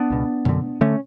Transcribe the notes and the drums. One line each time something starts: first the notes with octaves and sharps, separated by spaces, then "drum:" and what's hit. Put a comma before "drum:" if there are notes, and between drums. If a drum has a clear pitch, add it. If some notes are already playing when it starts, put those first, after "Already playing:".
Already playing: B3 D4
C#2 B2
F#2 D3, drum: tom B2
D3 A3 C#4